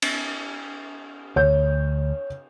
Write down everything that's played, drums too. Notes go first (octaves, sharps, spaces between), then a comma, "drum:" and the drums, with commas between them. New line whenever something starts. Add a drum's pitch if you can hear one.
drum: cymbal
D2 C#5 G6